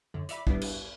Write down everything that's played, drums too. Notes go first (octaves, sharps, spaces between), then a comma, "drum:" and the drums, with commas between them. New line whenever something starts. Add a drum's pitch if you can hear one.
F#2 D3
D5 E5 B5, drum: hi-hat
A1 G2 G3 B3 D4 E4, drum: kick
drum: cymbal